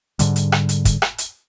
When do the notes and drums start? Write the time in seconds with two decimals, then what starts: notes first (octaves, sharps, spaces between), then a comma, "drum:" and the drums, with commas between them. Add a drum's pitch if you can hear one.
0.19 G#2 D3 G3, drum: hi-hat
0.36 drum: hi-hat
0.52 drum: rim click
0.69 drum: hi-hat
0.85 drum: kick, hi-hat
1.02 drum: rim click
1.18 drum: hi-hat